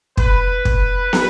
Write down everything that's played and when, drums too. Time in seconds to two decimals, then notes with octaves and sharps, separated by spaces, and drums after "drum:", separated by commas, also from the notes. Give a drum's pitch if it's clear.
0.17 B4, drum: kick
0.65 drum: kick
1.13 drum: snare